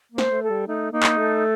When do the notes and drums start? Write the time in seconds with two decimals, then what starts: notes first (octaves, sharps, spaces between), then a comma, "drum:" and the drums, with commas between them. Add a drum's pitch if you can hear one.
0.12 A#3
0.18 C5, drum: snare
0.30 A3
0.43 A4
0.49 G3
0.67 A3 D#4
0.92 A#3 D#4
1.03 drum: clap
1.17 A3 A4